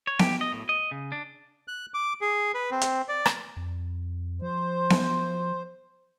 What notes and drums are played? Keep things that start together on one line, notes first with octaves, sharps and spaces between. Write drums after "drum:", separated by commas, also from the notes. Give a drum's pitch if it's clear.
C#5
G4, drum: snare B3
D#5
A2
D#5
C#3
D4
F#6
D6
G#4
B4
C4
drum: hi-hat
D5
drum: rim click
F2
F3 C5
drum: snare B3